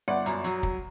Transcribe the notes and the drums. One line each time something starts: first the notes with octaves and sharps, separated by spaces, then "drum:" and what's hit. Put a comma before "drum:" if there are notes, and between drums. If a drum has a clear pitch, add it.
G1 D5 F#5
F#2, drum: hi-hat
F#3, drum: hi-hat
drum: kick